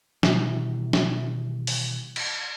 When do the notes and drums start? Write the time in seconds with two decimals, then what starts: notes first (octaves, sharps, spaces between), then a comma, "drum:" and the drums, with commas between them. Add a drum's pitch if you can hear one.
0.23 B2 D#3 E3 G3, drum: snare
0.93 drum: snare
1.67 drum: open hi-hat
2.16 drum: cymbal